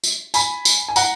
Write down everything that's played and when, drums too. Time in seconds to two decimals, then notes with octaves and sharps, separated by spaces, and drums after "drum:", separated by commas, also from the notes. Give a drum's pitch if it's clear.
0.04 drum: tambourine
0.34 G#5 B5, drum: tambourine
0.65 drum: tambourine
0.88 G#5
0.96 F#5 A#5, drum: tambourine